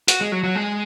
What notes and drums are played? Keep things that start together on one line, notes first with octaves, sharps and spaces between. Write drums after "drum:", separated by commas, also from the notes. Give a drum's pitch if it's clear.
F#4, drum: hi-hat
G#3
F#3
F#3
G#3